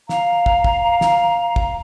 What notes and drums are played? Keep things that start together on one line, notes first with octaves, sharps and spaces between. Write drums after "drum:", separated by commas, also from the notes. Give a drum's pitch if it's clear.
F5 A#5, drum: snare
drum: kick
drum: kick
drum: snare
drum: kick